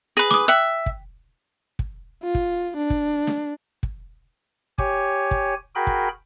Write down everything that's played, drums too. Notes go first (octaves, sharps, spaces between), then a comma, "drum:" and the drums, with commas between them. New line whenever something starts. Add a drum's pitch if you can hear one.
G#4 B4 A#6 D#7
D6 D#6, drum: snare
E5 G5 F#6 F#7
drum: kick
drum: kick
F4
drum: kick
D4
drum: kick
drum: snare
drum: kick
G4 C#5 G#5, drum: kick
drum: kick
F#4 G#4 A#4 G5 B5
drum: kick